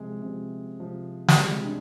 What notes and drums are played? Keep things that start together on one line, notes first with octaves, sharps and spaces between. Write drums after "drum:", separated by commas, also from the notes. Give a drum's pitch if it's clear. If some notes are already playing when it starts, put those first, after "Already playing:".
Already playing: C3 F3 G#3
C3 F3
C3 F3
G3, drum: snare
C3 F3 G#3
D4